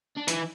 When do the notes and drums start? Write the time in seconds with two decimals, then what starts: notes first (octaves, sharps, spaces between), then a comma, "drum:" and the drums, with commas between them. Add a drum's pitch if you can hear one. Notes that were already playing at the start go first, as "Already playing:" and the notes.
0.17 D4
0.28 E3 E4, drum: hi-hat